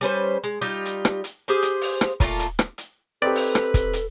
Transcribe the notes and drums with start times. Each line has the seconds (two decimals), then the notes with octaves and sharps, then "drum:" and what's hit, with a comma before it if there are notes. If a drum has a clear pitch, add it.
0.01 G3 C#4 B4 C5
0.44 G#3
0.61 G3 D#4 F4 G4
0.85 drum: hi-hat
1.05 drum: rim click
1.24 drum: hi-hat
1.48 G4 G#4 C5 F5
1.62 drum: hi-hat
1.82 drum: open hi-hat
2.01 drum: rim click
2.20 A#2 A3 F4 A#5, drum: kick, hi-hat
2.39 drum: hi-hat
2.59 drum: rim click
2.78 drum: hi-hat
3.22 C4 D#4 G4 A4 B4 D5
3.36 drum: open hi-hat
3.55 drum: rim click
3.74 drum: kick, hi-hat
3.93 drum: hi-hat